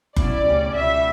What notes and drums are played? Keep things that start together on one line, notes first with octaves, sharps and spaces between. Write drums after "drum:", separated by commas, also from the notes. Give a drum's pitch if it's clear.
B2 F#3 C#4 E4 D5, drum: kick F#1
D2 C#3 G3 C#4
C#2 B2 G3 E5